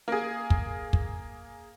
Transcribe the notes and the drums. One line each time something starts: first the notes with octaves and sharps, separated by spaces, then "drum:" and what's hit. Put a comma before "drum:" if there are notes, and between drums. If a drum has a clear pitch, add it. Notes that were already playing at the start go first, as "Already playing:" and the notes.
A#3 G#4
drum: kick
drum: kick